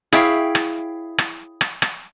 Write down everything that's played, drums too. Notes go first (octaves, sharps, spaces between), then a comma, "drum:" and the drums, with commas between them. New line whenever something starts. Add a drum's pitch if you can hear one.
E4 G#4 C#5 E5 F5 G5, drum: rim click
drum: rim click
drum: rim click
drum: rim click
drum: rim click